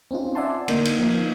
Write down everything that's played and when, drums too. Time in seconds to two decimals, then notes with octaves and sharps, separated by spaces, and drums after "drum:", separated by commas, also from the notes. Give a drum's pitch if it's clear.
0.11 C4 C#4 D#4 F4
0.35 D5 E5 F#5 G#5 A5 C6
0.68 D3 A#3 D#4, drum: cymbal
0.85 drum: cymbal
0.99 F3 A#3 D#4 F4